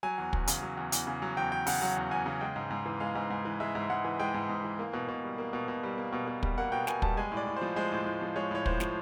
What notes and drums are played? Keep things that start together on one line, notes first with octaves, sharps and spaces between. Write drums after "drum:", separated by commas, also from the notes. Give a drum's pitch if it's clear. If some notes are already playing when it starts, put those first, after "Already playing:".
F#3 G#5
E2
E2, drum: kick
C#3, drum: hi-hat
F#3
E2
E2, drum: hi-hat
C#3
F#3
E2 G5
E2 G5
C#3 F#5, drum: open hi-hat
F#3 F#5
E2
E2 G#5
C#3
G#3 G5
G#2
G#2
E3
G#3 F5
G#2
G#2
E3
G#3 E5
G#2
G#2 F#5
E3
G#3 G5
G#2
G#2
E3
A#3
B2
B2
G3
A#3
B2
B2
G3
A#3
B2
B2
G3, drum: kick
A#3 F#5
B2 G5
B2 G#5, drum: snare
G3 A5, drum: kick
G#3 G#5
A2 D5
A2
C5
F3
G#3 C5
A2
A2
F3
G#3 C#5
A2 C#5
A2 C5, drum: kick
F3, drum: snare